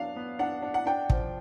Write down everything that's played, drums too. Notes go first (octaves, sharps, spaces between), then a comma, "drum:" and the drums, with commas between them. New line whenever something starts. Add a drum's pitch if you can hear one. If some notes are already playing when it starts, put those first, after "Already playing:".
Already playing: F#3 B3 D4 F5
B3
D4 F#5
D4
F#5
D4 G5
F3, drum: kick